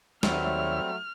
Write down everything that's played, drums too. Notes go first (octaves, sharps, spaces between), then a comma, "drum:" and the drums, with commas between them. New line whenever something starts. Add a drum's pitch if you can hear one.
D#2 F#3 G3 A3 C4 C#5 E5 F6, drum: snare